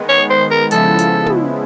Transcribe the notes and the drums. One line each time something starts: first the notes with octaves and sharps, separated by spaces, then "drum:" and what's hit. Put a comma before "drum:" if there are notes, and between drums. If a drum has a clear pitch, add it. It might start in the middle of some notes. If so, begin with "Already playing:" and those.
Already playing: D#3 G#3 B3
C#5
C5
A#4
C#3 F3 G#3 B3 E4 A4, drum: hi-hat
drum: hi-hat
drum: tom